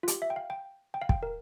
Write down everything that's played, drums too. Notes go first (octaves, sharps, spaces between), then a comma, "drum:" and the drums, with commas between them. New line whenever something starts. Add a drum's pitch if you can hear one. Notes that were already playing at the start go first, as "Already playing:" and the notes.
F4
G4, drum: hi-hat
E5
G5
F5
G5
G5
F5
G5, drum: kick
A#4